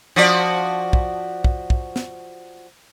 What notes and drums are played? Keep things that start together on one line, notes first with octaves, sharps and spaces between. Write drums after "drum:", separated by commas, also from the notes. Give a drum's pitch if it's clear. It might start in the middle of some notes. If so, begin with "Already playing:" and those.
F3 F#4 D5
drum: kick
drum: kick
drum: kick
drum: snare